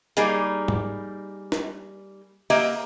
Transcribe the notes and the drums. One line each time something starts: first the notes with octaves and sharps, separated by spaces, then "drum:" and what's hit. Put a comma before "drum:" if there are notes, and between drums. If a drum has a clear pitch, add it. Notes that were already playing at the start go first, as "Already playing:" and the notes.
G3 A#3 D#4 G#4, drum: hi-hat
drum: tom G#2
drum: snare
A#3 G4 D#5 E5, drum: cymbal